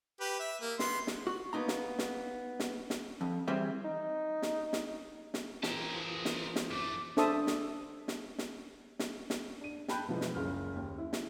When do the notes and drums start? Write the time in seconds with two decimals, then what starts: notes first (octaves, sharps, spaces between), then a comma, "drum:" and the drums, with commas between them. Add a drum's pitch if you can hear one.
0.20 G4 B4
0.40 E5
0.62 A#3
0.79 B3 C6, drum: snare
1.07 drum: snare
1.27 F#4
1.53 A#3 B3 D#4 A#5
1.68 drum: snare
1.99 drum: snare
2.60 drum: snare
2.90 drum: snare
3.21 F2
3.48 E3 G3 C4 G#4 C5 E5
3.85 D#4
4.42 drum: snare
4.73 drum: snare
5.34 drum: snare
5.63 E3 F4 G4 G#4 A#4 C5 A5, drum: snare
6.25 drum: snare
6.56 drum: snare
6.71 F#2 A3 D6
7.17 D4 A4 C5 E5 A5 D#6, drum: snare
7.47 drum: snare
8.08 drum: snare
8.38 drum: snare
8.99 drum: snare
9.30 drum: snare
9.61 D4 D#7
9.88 G5 A5 B5 F#6 G6, drum: snare
10.08 B2 E3 F3 G#3
10.21 drum: snare
10.35 F#1 C#2 F6
10.75 D#2
10.98 E4
11.13 drum: snare